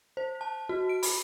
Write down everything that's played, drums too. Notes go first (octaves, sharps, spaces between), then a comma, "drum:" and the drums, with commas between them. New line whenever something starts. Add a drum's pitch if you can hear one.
C5
A5
F#4
D7
B5, drum: open hi-hat